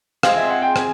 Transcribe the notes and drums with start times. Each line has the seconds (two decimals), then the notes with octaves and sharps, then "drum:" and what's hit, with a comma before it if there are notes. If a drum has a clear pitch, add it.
0.23 G#3 C4 F4 G#4 F5, drum: rim click
0.37 E5
0.50 F#5
0.62 G5
0.76 G#5, drum: rim click